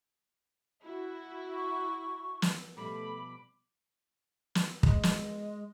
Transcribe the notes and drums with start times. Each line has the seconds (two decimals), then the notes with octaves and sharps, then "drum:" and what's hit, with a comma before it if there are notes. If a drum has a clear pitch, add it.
0.83 E4 F#4
1.54 C#6
2.42 drum: snare
2.77 B2 F3 G3 A3 B5 D6
4.55 drum: snare
4.83 G#3 D#5, drum: kick
5.03 drum: snare